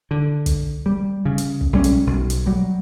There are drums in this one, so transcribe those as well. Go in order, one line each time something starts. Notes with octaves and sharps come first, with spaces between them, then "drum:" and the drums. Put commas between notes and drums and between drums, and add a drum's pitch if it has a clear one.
D3
drum: kick, hi-hat
G3
C#3
drum: hi-hat
drum: kick
B1 G3 G#3 C#4
drum: hi-hat
B1
drum: hi-hat
F#3 G3